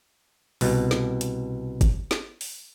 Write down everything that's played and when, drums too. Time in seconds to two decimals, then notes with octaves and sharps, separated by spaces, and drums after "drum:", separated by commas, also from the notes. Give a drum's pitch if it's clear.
0.61 C2 B2, drum: open hi-hat
0.91 drum: snare
1.21 drum: hi-hat
1.81 drum: kick G#1, hi-hat
2.11 drum: snare
2.41 drum: open hi-hat